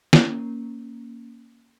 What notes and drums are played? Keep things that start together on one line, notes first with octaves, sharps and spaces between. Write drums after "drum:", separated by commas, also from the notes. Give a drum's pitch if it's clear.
A#3 C#4, drum: snare